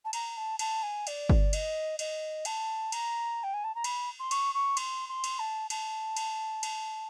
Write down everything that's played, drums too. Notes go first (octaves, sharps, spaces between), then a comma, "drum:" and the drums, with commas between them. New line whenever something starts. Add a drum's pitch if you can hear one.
A5
A#5, drum: cymbal
A5
A5, drum: cymbal
G#5
D5, drum: cymbal
drum: kick G1
D#5, drum: cymbal
D#5, drum: cymbal
A5, drum: cymbal
A#5, drum: cymbal
G5
G#5
A5
A#5
B5, drum: cymbal
C6
C#6, drum: cymbal
C#6
C6, drum: cymbal
C6
drum: cymbal
A5
A5, drum: cymbal
drum: cymbal
drum: cymbal